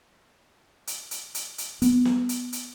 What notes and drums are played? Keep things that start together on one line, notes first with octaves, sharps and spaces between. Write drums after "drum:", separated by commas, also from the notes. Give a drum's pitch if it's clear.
drum: hi-hat
drum: hi-hat
drum: hi-hat
drum: hi-hat
B3, drum: hi-hat
drum: snare
drum: hi-hat
drum: hi-hat